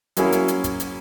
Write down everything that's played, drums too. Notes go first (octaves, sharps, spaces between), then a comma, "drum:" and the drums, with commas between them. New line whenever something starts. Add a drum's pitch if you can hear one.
F#3 A#3 C#4 E4 G#4, drum: hi-hat
drum: hi-hat
drum: hi-hat
drum: kick, hi-hat
drum: hi-hat